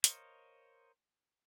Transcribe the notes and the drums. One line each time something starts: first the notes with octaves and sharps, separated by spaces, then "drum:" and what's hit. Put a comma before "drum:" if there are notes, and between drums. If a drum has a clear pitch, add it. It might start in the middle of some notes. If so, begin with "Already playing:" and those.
A#4 C5 C#5 D#5 F5, drum: hi-hat